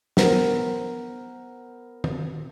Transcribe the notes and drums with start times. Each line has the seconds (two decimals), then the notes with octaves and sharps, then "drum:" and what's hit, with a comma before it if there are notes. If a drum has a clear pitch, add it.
0.17 B3 A#4 C5, drum: snare
2.04 drum: tom